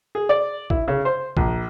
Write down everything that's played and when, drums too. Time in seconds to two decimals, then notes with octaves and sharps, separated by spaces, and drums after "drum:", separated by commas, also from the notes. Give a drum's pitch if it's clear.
0.15 G#4
0.29 D5
0.70 E4, drum: kick
0.88 C#3
1.05 C5
1.37 A#1, drum: kick